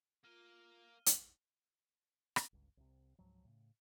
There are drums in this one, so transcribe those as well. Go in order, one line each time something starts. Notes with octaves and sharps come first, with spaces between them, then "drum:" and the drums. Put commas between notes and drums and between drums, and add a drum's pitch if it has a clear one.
A#3 F4 A#4 F6 D#7 G7
drum: hi-hat
drum: rim click
G1 C#2
C2 C3
C#2 G#2 F3 F#3
A2 C#3